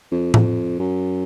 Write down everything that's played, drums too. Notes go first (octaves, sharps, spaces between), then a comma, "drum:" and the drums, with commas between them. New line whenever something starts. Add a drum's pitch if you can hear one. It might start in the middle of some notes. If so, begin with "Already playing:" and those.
F2
F2, drum: tom A2
F#2